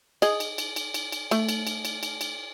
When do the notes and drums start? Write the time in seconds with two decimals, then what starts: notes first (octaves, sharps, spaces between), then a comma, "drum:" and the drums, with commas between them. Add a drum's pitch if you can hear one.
0.22 G#4 D#5, drum: cymbal
0.40 drum: cymbal
0.58 drum: cymbal
0.76 drum: cymbal
0.94 drum: cymbal
1.12 drum: cymbal
1.31 A3, drum: cymbal
1.49 drum: cymbal
1.67 drum: cymbal
1.85 drum: cymbal
2.03 drum: cymbal
2.21 drum: cymbal